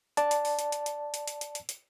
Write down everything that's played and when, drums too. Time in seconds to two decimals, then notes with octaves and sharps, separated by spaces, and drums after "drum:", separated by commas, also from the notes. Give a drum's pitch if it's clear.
0.17 D5 A5, drum: hi-hat
0.31 drum: hi-hat
0.45 drum: open hi-hat
0.59 drum: hi-hat
0.72 drum: hi-hat
0.86 drum: hi-hat
1.14 drum: hi-hat
1.28 drum: hi-hat
1.41 drum: hi-hat
1.55 drum: hi-hat
1.69 drum: hi-hat